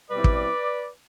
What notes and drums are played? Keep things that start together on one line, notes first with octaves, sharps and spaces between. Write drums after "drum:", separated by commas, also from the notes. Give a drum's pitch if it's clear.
B2 G3 C4 E4 B4 D5
drum: kick